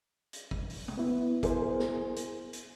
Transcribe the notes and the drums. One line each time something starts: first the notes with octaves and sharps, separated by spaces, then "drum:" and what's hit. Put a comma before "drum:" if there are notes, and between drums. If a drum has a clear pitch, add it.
drum: hi-hat
drum: kick
drum: open hi-hat
drum: tom
B3 E4
G#4 A#4 C5, drum: kick, hi-hat
drum: snare
drum: hi-hat
drum: hi-hat